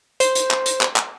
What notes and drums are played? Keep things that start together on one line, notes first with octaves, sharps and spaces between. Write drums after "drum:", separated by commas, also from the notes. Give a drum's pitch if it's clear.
C5, drum: hi-hat
drum: hi-hat
drum: clap
drum: hi-hat
drum: clap
drum: clap